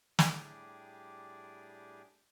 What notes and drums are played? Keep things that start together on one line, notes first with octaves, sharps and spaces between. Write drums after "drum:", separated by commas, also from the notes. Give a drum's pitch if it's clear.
A2 G3 D4 G4 G#4, drum: snare